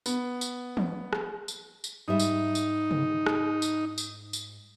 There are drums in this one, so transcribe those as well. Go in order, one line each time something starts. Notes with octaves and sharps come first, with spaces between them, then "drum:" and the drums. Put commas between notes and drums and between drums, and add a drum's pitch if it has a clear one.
B3, drum: tambourine
drum: tambourine
drum: tom E3
drum: rim click
drum: tambourine
drum: tambourine
G#2 G3 D#4 E5
drum: tambourine
drum: tambourine
drum: tom C3
drum: rim click
drum: tambourine
drum: tambourine
drum: tambourine